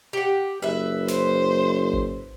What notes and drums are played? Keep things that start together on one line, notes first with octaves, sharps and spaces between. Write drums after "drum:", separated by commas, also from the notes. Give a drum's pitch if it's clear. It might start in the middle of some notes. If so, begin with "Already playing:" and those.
G4 F#5
F#1 B4 E5
C5, drum: snare
drum: kick G#1